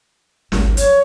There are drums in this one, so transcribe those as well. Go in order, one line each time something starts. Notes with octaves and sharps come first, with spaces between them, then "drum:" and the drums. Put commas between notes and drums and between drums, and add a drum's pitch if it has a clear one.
G#1 D2, drum: snare
F#3 C#5, drum: hi-hat